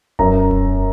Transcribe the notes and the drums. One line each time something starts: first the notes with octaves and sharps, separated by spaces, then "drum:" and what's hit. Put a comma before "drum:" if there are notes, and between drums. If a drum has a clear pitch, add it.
F#2 A#5, drum: kick E1
drum: kick E1